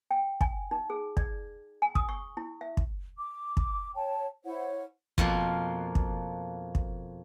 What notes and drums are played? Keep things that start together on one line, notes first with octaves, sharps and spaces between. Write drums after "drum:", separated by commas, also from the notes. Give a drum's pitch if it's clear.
G5
G#5, drum: kick
D#4
G#4
D5, drum: kick
G#5
D#6, drum: kick
C#6
E4
E5
drum: kick
D6
drum: kick
C#5 G5 A5
E4 C5 C#5 F#5
F2 B2 F3 A#3, drum: kick
drum: kick
drum: kick